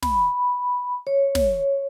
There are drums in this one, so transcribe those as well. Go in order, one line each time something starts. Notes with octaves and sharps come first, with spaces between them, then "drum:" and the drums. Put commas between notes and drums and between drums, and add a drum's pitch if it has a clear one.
B5, drum: snare
C#5
drum: snare